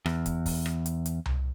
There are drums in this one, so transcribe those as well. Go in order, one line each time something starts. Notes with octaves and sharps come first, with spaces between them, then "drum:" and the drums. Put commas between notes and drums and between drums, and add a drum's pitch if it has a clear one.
E2, drum: rim click
drum: kick, hi-hat
drum: kick, open hi-hat
drum: rim click
drum: hi-hat
drum: hi-hat
drum: tom C2